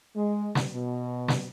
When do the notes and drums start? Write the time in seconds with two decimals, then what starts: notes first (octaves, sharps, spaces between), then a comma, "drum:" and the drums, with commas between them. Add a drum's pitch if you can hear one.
0.15 G#3
0.55 drum: snare
0.73 B2
1.28 drum: snare